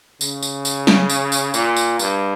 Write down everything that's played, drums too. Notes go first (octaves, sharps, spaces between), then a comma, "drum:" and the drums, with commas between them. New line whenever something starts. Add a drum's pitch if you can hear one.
C#3, drum: tambourine
drum: tambourine
drum: tambourine
drum: snare
drum: tambourine
drum: tambourine
A#2, drum: tambourine
drum: tambourine
G2, drum: tambourine